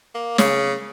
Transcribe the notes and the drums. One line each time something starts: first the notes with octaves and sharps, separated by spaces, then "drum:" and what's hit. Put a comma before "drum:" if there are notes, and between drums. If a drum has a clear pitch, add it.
A#3
C#3, drum: snare